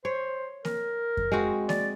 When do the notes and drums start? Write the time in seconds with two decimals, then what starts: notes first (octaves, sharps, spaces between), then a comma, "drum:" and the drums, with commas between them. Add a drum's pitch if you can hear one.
0.05 C5 C#5
0.65 A#4, drum: snare A#3
1.17 drum: kick F2
1.32 G#3 C4 F#4
1.69 D5, drum: snare A#3